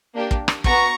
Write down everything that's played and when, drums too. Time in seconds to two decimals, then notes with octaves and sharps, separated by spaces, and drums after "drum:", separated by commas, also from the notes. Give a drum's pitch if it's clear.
0.14 A#3 D4 G4
0.31 drum: kick
0.48 drum: rim click
0.64 B3 F#4 A#5 C#6, drum: kick